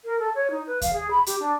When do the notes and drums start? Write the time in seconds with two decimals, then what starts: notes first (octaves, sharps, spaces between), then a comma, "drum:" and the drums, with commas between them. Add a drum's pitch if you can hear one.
0.04 A#4
0.19 A4
0.35 C#5
0.50 D#4
0.67 B4
0.81 F5, drum: kick D#2, hi-hat
0.93 G#4
1.10 B5
1.26 G4, drum: hi-hat
1.39 D4